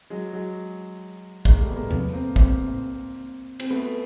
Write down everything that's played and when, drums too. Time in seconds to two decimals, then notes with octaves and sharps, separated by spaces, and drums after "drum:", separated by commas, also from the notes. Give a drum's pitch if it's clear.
0.10 F#3 G#3
0.33 F#3 G#3
1.45 G#3 A#3, drum: kick
1.60 G3 A3
1.71 B3
1.76 G#3 A#3
1.91 A3 B3, drum: tom
2.08 B3, drum: tambourine
2.13 A#3 C4
2.36 A#3 C4, drum: kick
3.60 C4, drum: cymbal
3.71 A3 B3